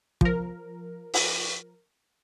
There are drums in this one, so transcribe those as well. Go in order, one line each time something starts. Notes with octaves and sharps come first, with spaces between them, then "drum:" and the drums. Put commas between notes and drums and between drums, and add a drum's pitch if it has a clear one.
F3 A#4, drum: kick
drum: open hi-hat